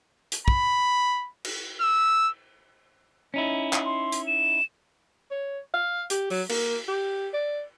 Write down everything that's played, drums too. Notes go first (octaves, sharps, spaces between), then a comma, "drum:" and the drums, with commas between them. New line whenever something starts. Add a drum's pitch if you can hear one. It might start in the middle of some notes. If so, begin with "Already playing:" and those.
drum: hi-hat
B5, drum: kick
drum: cymbal
E6
C#4 D#4 E4
drum: clap
C6
drum: hi-hat
E7
C#5
F5
G4, drum: hi-hat
F#3, drum: open hi-hat
A#3, drum: cymbal
G4
D5